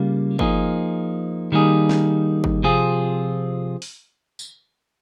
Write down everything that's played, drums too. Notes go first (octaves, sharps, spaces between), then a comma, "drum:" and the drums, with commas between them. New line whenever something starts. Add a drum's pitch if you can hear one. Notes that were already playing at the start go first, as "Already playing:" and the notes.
Already playing: C#3 G3 A#3 F4
F3 A#3 D#4 G#4, drum: kick G1
D#3 G3 A#3 D#4 G#4
drum: snare
drum: kick G1
C3 F3 C4 F4 G#4
drum: open hi-hat
drum: tambourine